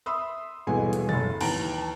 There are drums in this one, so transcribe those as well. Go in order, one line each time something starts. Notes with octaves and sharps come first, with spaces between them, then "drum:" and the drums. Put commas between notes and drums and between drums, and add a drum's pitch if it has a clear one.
E5 B5 C6 D#6 E6
D#1 B2 E3 G#3 G#5
drum: hi-hat
F#1 A4 A6, drum: tom
D#2 E3 A5 A#5 D7, drum: cymbal